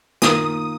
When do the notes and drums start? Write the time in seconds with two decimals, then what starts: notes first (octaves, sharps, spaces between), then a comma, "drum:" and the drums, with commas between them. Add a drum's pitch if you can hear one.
0.22 D#3 A#3 F4 A#4 D#6, drum: snare